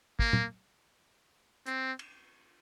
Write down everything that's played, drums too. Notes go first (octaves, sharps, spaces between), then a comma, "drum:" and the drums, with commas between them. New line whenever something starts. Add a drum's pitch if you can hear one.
A#3, drum: kick
drum: tom
C4, drum: hi-hat
drum: cymbal